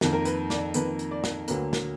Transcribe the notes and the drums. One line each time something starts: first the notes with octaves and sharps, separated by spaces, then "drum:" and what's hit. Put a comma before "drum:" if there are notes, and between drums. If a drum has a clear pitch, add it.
F2 D#3 A#3, drum: snare
A#4
B4, drum: hi-hat
D5, drum: snare
F2 D#3 A#3 B4, drum: hi-hat
drum: hi-hat
D5
drum: snare
D2 D3 F#3 A#3 B4, drum: hi-hat
drum: snare